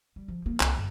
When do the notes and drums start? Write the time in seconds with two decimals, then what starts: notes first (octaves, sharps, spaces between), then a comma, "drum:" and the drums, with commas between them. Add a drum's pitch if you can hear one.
0.16 G3
0.28 F3
0.46 A#3
0.60 C2, drum: clap
0.76 G1